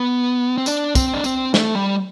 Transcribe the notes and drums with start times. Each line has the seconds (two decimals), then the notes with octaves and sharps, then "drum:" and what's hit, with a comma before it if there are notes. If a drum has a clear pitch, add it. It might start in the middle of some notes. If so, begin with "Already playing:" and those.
Already playing: B3
0.58 C4
0.66 D4, drum: tambourine
0.95 C4, drum: kick, tambourine
1.14 D4
1.24 C4, drum: tambourine
1.54 A3, drum: snare
1.75 G3